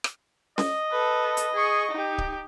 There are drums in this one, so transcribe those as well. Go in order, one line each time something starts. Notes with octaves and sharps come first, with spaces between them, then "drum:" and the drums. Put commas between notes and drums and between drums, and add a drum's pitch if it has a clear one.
drum: rim click
D#5, drum: snare C#4
A4 B4
drum: hi-hat
G#4 C#6
D#4 G4
drum: kick C#1